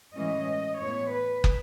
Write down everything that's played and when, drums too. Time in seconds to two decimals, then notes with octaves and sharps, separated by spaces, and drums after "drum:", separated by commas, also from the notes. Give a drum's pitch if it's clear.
0.16 A2 E3 G#3 C#4 D#5
0.81 A2 E3 B3 C#5
1.13 B4
1.44 drum: kick